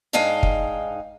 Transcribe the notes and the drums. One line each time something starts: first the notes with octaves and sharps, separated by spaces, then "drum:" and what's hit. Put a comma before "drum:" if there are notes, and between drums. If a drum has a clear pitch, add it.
G#2 D4 D#4 G#4 F5 G5
drum: kick